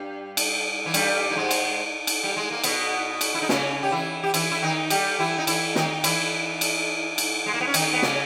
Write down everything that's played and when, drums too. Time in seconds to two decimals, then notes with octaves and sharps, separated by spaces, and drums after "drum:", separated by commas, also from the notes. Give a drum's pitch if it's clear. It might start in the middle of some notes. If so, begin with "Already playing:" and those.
Already playing: G2 G3
0.37 drum: cymbal
0.86 E3
0.94 G2 G3, drum: cymbal
1.31 A#3
1.36 G#2 G#3
1.51 drum: cymbal
2.07 drum: cymbal
2.24 G3
2.37 G#3
2.51 A#3
2.63 B2 B3, drum: cymbal
3.21 drum: cymbal
3.34 E4
3.42 D#4
3.49 C#3 C#4, drum: snare
3.83 G4
3.91 E3 E4
4.23 G4
4.34 E3 E4, drum: cymbal
4.52 E4
4.62 D#3 D#4
4.90 G3 G4, drum: cymbal
5.19 E3 E4
5.38 D#4
5.47 E3 E4, drum: cymbal
5.75 D#3 D#4, drum: snare
6.04 E3 E4, drum: cymbal
6.61 drum: cymbal
7.18 drum: cymbal
7.46 G#3
7.54 A#3
7.60 B3
7.67 C#4
7.74 D#3 D#4, drum: cymbal
7.93 B3
8.02 C#3 C#4, drum: snare